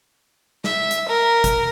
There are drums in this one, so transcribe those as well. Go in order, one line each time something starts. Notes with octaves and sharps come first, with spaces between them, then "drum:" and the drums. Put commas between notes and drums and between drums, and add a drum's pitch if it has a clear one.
E5, drum: snare
drum: hi-hat
A#4
drum: kick, hi-hat